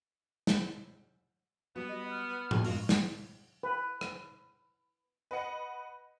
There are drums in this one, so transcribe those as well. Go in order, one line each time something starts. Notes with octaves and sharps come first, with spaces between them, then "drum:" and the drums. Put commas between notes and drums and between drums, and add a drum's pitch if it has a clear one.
drum: snare
G3 B3 F#4
D#5
F6
D2 E3 C4, drum: tom A2
G2 G#3 F4 F#4 A#4, drum: open hi-hat
drum: snare
B4
drum: rim click
B4 D#5 F#5 C#7